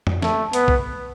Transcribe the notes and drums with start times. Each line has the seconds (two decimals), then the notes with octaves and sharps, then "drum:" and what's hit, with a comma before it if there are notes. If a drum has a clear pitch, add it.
0.07 drum: tom F2
0.22 A3, drum: snare
0.53 B3, drum: hi-hat
0.68 drum: kick B1